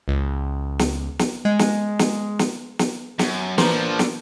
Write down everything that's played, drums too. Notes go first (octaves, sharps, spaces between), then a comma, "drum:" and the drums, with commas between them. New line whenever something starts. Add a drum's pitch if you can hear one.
C#2
drum: snare
drum: snare
G#3
drum: snare
drum: snare
drum: snare
drum: snare
F#2, drum: snare
E3 F3 A#3 D4 B4 A#5, drum: snare
drum: snare